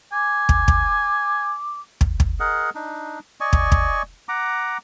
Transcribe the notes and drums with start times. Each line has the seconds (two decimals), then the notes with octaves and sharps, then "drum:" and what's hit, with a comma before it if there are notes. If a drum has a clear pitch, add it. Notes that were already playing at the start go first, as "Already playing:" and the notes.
0.12 G#5 D6
0.49 drum: kick
0.68 drum: kick
2.01 drum: kick
2.20 drum: kick
2.40 G#4 A#4 D#5 F#5
2.75 D4 D#4
3.40 D5 D#5 G#5 C#6
3.53 drum: kick
3.72 drum: kick
4.29 F#5 A#5 D6